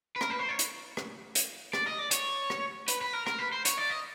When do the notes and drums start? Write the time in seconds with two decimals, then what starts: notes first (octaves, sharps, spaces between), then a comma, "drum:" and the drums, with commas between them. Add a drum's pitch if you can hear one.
0.16 B4
0.21 A#4, drum: rim click
0.30 B4
0.39 C5
0.49 C#5
0.59 drum: hi-hat
0.97 drum: rim click
1.35 drum: hi-hat
1.73 D5, drum: rim click
1.87 D#5
1.99 D5
2.11 C#5, drum: hi-hat
2.50 drum: rim click
2.88 B4, drum: hi-hat
3.01 B4
3.13 A#4
3.27 A#4, drum: rim click
3.39 B4
3.52 C5
3.65 C#5, drum: hi-hat
3.78 D5
3.90 D#5